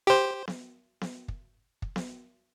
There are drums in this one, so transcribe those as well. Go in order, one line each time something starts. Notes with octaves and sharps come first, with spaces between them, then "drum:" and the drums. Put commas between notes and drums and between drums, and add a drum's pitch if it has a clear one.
G4 C5
drum: snare B3
drum: snare B3
drum: kick
drum: kick
drum: snare B3